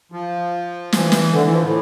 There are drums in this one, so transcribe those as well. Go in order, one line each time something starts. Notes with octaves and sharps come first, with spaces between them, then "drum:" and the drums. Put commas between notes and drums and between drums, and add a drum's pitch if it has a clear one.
F3
E3, drum: snare
E3, drum: snare
D3
E3
F3
A2